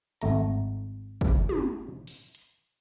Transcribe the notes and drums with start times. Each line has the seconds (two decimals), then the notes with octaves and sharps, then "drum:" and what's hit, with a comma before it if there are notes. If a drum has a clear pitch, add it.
0.21 G#1 A3 A#5, drum: hi-hat
1.21 drum: kick
1.49 drum: tom
2.07 drum: open hi-hat
2.35 drum: hi-hat